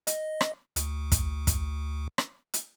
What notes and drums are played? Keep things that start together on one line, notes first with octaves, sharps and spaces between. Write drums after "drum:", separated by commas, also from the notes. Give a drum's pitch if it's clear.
D#5, drum: hi-hat
drum: rim click
D2, drum: hi-hat
drum: kick, hi-hat
drum: kick, hi-hat
drum: rim click
drum: hi-hat